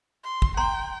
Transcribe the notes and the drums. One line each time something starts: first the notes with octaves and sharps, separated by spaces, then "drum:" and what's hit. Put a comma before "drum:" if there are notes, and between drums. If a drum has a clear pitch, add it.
C6
drum: kick
G5 A#5 C6